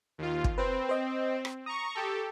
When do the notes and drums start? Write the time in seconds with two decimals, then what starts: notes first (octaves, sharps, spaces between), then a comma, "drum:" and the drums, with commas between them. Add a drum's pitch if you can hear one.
0.18 D#2 F4
0.44 drum: kick
0.58 C4 B4 C5
0.89 C5 D#5
1.45 drum: rim click
1.66 A#5 C#6 D#6
1.95 G4 A4